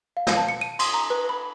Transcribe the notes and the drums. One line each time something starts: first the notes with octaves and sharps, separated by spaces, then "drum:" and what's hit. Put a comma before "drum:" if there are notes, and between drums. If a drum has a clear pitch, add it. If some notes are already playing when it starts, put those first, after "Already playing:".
F5
drum: snare
A5
C#7
D#7
C6, drum: cymbal
A#5
B4
B5